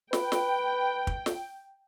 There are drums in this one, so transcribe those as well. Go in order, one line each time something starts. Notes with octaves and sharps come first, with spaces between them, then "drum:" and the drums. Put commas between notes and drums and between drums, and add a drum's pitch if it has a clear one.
B4 G5, drum: snare
drum: snare
drum: kick
drum: snare